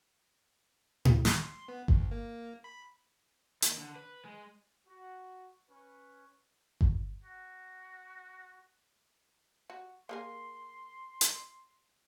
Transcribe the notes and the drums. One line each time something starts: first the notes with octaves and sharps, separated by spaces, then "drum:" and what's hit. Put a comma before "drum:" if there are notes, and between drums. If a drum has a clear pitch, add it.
drum: tom A2
C6, drum: snare
B3
D2, drum: kick G1
A#3
B5
D#2, drum: hi-hat
D3
B4
G#3
F#4
C#4 B4
drum: kick G1
F#4
F#4
A#3 G#4 A#4 C6
drum: hi-hat